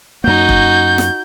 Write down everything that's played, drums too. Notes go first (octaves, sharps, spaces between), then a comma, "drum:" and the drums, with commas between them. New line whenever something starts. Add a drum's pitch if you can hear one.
F#2 A#3 D#4 F#4 G6
drum: kick
drum: snare